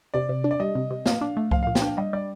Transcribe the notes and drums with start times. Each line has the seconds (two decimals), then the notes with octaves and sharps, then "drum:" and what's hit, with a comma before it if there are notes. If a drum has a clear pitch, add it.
0.14 C3 D5
0.29 C3
0.44 D4
0.51 D5
0.60 G3 D#5
0.75 C3
0.90 C3
1.06 A#2 F5, drum: snare
1.21 D4
1.37 A3
1.51 F3 F5, drum: kick C2
1.63 A#2 F5
1.75 G5, drum: snare
1.82 D4 F5
1.97 G3 D#5
2.13 G3 D5